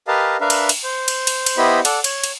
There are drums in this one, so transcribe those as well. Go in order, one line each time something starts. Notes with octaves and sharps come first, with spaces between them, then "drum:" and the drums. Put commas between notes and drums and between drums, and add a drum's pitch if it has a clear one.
G4 A#4 B4 D#5 F5 A5
D4 A#4 B4 E5 F5
drum: cymbal
drum: cymbal
C5
drum: cymbal
drum: cymbal
drum: cymbal
B3 E4 G4 C5 D#5 B5
A4 D5 F#5, drum: cymbal
C#5, drum: cymbal
drum: cymbal